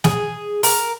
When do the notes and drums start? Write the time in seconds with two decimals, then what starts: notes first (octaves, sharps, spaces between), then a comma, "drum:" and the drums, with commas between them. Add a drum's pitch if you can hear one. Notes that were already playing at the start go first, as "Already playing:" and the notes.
0.04 G#4, drum: snare
0.63 A#4, drum: open hi-hat